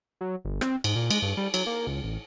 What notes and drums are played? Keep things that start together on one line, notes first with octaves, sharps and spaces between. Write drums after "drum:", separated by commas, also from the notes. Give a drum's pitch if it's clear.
F#3
G1
C4, drum: rim click
G#2, drum: cymbal
A#2
G#3, drum: cymbal
G2
G3
F#3, drum: cymbal
A#3
C#2
A1